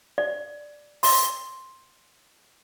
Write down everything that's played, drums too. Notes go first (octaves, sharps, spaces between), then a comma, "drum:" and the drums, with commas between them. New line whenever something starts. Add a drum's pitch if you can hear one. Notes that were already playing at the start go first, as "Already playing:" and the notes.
D5
C6, drum: open hi-hat